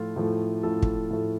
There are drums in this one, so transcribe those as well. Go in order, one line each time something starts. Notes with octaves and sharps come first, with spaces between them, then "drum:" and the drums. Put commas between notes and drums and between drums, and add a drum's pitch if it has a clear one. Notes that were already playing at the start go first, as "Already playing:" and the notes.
Already playing: A2 F3 A3 F4
A2 F3 A3
A2 F3 A3 A4
drum: kick
A2 F3 A3